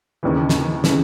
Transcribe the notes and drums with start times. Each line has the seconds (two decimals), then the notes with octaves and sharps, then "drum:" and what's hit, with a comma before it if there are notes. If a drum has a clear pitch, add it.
0.23 D#2 C#3 E3
0.49 drum: snare
0.84 C#3 E3, drum: snare